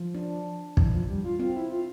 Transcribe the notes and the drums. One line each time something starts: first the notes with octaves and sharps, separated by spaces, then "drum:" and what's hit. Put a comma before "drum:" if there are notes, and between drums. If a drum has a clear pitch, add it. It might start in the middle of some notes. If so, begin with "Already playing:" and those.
Already playing: F3
D4
E3, drum: kick
F3
G3
F4
C4 F4
E4
F4